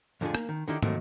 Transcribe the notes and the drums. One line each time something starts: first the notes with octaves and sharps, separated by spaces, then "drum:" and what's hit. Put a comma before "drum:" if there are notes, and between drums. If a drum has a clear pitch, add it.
F2 A2 D3 C#4 F4 G#4
A#3, drum: rim click
D#3
D3 D#3 E4 G4
D#2 D#3 F#3 A3 A#3 C4, drum: tom